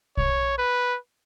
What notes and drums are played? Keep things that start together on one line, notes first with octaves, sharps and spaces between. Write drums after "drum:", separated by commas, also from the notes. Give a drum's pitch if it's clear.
C#5, drum: kick
B4